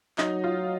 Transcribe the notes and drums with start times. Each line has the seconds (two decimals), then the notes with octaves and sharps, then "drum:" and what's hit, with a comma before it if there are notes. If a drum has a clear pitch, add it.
0.18 F#3 D#4, drum: clap
0.44 F4